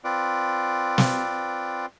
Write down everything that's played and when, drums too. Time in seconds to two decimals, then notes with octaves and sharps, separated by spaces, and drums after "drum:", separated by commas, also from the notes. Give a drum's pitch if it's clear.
0.04 C4 F4 B4 D5
0.98 drum: snare